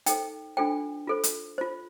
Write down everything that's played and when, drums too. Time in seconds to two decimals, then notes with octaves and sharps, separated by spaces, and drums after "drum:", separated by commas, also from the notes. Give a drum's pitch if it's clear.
0.06 D#4 A4 C5 G5, drum: hi-hat
0.57 D4 F4 A4 C5 G5
1.08 F4 A4 C5
1.23 drum: hi-hat
1.58 F4 C5